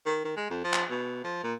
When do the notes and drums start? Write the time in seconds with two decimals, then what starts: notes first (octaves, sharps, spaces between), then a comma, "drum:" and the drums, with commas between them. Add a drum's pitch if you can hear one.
0.06 D#3
0.25 D#3
0.37 G#3
0.50 F2
0.64 F3
0.73 drum: clap
0.90 B2
1.24 F3
1.44 A#2